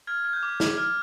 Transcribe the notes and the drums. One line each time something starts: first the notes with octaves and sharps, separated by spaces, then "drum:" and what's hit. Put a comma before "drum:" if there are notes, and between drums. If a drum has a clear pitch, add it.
F6 G#6
F6
G6
D6
D6 G#6, drum: snare
F6